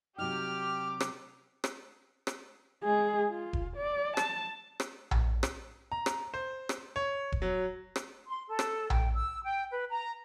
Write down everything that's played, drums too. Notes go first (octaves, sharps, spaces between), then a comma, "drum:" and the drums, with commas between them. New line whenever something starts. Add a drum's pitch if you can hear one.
C3 F#3 D#4 G4 D6 F6
drum: rim click
drum: rim click
drum: rim click
G#3 G#4
F4
drum: kick E1
D5
A5, drum: rim click
drum: rim click
drum: tom A#1
drum: rim click
A#5
drum: rim click
C5
drum: rim click
C#5
drum: kick E1
F#3
drum: rim click
C6
A4
drum: rim click
G5, drum: tom A#1
E6
G5
B4
A#5